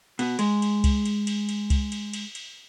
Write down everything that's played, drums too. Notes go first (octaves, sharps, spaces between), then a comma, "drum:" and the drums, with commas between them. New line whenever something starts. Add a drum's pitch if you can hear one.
B2, drum: cymbal
G#3, drum: cymbal
drum: cymbal
drum: kick C2, cymbal
drum: cymbal
drum: cymbal
drum: cymbal
drum: kick C2, cymbal
drum: cymbal
drum: cymbal
drum: cymbal